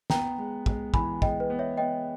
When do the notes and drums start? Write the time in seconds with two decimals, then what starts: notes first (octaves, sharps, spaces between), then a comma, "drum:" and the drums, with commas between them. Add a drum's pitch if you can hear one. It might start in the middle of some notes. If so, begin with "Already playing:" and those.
0.10 B3 G5 A#5, drum: snare
0.38 G#3
0.66 G#3, drum: kick
0.94 E3 G#5 B5, drum: kick
1.22 G#3 D#5 G5, drum: kick
1.40 B4
1.50 B3
1.59 C#5 E5
1.77 B3 D#5 G5